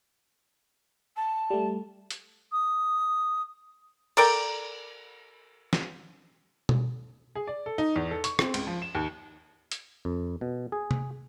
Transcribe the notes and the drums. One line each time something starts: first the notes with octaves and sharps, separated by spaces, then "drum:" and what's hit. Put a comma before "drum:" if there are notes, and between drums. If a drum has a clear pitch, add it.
A5
G3 A3
drum: hi-hat
D#6
A4 A#4 D5 G5, drum: cymbal
drum: snare
drum: tom B2
G#4
D5
A4
D#4
E2
A4
C#6, drum: hi-hat
C4, drum: rim click
C#2, drum: cymbal
F3
E7
D#2
drum: hi-hat
F2
B2
G#4
drum: tom C3